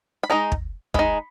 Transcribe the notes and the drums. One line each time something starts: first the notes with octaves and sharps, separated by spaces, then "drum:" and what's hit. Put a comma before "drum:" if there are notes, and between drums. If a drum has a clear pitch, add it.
B5
G#3 D#4 A#5
drum: kick
G#3 D#4 B5, drum: kick